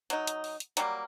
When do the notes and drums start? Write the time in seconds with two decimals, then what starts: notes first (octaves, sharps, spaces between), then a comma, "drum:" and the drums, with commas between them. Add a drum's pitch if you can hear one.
0.10 F#3 D#4, drum: hi-hat
0.27 drum: hi-hat
0.44 drum: open hi-hat
0.60 drum: hi-hat
0.77 F#3 G3 A#3, drum: hi-hat